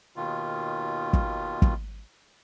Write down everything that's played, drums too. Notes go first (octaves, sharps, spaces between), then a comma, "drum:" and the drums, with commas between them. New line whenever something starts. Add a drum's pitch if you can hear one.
D#2 B2 D#3 F4
drum: kick
drum: kick